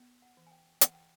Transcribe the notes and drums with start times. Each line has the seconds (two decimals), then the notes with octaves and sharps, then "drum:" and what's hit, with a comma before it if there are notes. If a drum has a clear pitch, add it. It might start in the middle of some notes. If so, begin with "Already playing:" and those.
Already playing: B3
0.22 F#5
0.37 E3
0.47 G#5
0.52 G5
0.81 E3 F#5, drum: hi-hat
0.94 G5